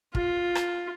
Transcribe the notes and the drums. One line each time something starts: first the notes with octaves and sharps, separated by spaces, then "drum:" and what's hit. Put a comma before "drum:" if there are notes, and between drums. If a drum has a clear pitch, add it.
F4, drum: kick
drum: rim click